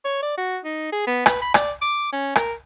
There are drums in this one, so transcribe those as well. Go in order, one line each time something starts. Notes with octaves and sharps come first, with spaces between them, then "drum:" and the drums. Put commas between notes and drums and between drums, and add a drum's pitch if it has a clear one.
C#5
D5
F#4
D#4
G#4
B3
B4, drum: rim click
B5
D5, drum: rim click
D6
C#4
A#4, drum: rim click